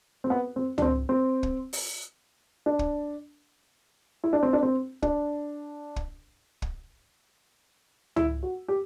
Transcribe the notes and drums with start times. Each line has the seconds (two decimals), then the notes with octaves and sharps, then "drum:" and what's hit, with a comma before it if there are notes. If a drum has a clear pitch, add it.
0.24 C4
0.30 B3
0.56 C4
0.78 D4, drum: tom C#2
0.82 C4
1.09 C4
1.43 drum: kick
1.73 drum: open hi-hat
2.66 D4
2.79 drum: kick
4.24 E4
4.33 D4
4.43 C4
4.53 D4
4.63 C4
5.02 D4, drum: kick
5.96 drum: kick
6.62 drum: kick
8.16 E4, drum: tom C#2
8.43 F#4
8.68 G4